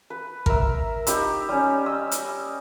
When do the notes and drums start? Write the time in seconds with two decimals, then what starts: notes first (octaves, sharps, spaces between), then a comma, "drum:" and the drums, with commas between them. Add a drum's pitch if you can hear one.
0.10 B4
0.46 A#4 E5, drum: kick G#1
1.07 D#4 G4 B5 E6, drum: hi-hat
1.49 G3 C#4
1.86 D#5 E6
2.11 drum: hi-hat